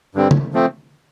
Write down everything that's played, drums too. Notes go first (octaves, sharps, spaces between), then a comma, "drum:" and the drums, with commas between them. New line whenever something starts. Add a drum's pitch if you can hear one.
G2 D3 G3 C4
drum: tom
F3 A3 C4